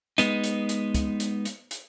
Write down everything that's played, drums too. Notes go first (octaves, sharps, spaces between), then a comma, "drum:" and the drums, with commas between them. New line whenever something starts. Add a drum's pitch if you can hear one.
G#3 B3 D#4, drum: hi-hat
drum: hi-hat
drum: hi-hat
drum: kick, hi-hat
drum: hi-hat
drum: hi-hat
drum: hi-hat